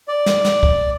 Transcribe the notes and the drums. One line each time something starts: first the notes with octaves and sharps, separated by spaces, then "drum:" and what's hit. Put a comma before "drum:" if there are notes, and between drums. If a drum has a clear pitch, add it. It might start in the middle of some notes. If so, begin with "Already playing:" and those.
D5
drum: snare
drum: snare
drum: kick